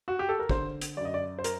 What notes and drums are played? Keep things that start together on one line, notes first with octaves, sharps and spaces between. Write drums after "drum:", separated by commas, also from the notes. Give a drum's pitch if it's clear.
F#4
G4
A4
A#4
D3 C5, drum: kick
drum: hi-hat
F#2 D5
D#5
D5
C5
A#4, drum: hi-hat